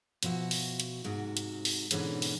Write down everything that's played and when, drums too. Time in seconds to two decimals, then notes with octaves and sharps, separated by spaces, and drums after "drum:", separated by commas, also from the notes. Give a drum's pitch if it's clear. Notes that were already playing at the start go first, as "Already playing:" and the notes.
0.23 B2 F3 F#4 E5, drum: hi-hat
0.51 drum: open hi-hat
0.80 drum: hi-hat
1.04 G#2 C3 F#4
1.37 drum: hi-hat
1.65 drum: open hi-hat
1.91 G#2 B2 D3 E3 C#4, drum: hi-hat
2.22 drum: open hi-hat